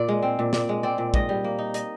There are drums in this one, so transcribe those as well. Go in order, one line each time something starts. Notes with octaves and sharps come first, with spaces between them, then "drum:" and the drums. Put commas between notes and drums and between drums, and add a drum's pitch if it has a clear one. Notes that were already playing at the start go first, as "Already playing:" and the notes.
Already playing: A#2 D5
G#3
C4
A#2
A#2 D5, drum: snare
G#3
C4 D5
A#2
G#2 D#5, drum: kick
G3
A#3
D#4
D#5, drum: hi-hat